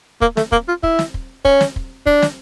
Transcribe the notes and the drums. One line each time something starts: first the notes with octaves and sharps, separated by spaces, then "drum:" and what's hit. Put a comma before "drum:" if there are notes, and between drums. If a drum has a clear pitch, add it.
A#3, drum: kick
A3, drum: snare
A#3, drum: kick
F4
E4, drum: kick
drum: snare
drum: kick
C#4, drum: kick
drum: snare
drum: kick
D4, drum: kick
drum: snare